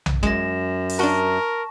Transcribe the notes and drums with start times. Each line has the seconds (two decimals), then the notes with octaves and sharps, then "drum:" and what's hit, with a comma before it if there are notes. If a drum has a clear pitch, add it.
0.06 drum: tom B1
0.23 F#2 G#3 A#6 E7, drum: kick
0.90 drum: open hi-hat
0.99 D4 F#4 A#4 A5 A#5 C#6